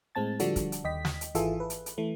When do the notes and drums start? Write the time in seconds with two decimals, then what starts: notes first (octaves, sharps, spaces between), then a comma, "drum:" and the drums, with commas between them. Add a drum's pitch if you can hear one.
0.15 A2 G#3 C4 A5 A6
0.40 D3 F3 G3 D4 F#4 A4, drum: hi-hat
0.56 drum: kick, hi-hat
0.72 drum: hi-hat
0.84 D#2 D#5 G5 B6
1.05 drum: snare
1.21 drum: hi-hat
1.35 G#1 E3 F4 G#4 A4 E5, drum: hi-hat
1.60 B4
1.70 drum: hi-hat
1.86 drum: hi-hat
1.98 E3 A3